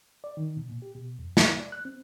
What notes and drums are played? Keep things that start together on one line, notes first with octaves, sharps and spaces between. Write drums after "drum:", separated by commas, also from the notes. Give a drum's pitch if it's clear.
D5
D#3
B2
A#2
G4
B2
F2
E5, drum: snare
D5
F#6
C4